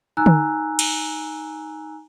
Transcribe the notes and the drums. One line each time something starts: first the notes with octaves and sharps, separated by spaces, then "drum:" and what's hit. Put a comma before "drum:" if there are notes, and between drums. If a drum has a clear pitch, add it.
D#4 G#5 A#5 E6 F#6
drum: tom D3
drum: cymbal